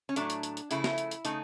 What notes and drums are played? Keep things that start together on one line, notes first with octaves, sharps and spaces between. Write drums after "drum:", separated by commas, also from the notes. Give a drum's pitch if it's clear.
C#4
A2 F#3 A3 D4, drum: hi-hat
drum: hi-hat
drum: hi-hat
drum: hi-hat
C#3 F3 A3 E4, drum: hi-hat
drum: snare
drum: hi-hat
drum: hi-hat
C#3 F3 A3 D#4, drum: hi-hat